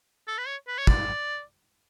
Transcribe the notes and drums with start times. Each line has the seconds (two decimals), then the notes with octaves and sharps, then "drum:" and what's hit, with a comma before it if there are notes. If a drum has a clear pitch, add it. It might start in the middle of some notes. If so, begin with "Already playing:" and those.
0.28 A4
0.38 B4
0.47 C#5
0.68 B4
0.78 C#5
0.87 D5, drum: kick